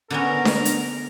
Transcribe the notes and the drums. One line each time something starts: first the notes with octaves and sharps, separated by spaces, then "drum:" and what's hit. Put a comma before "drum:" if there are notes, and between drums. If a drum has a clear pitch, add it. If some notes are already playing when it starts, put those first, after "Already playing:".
D3 B3 C#4 A#4
drum: snare D4
drum: hi-hat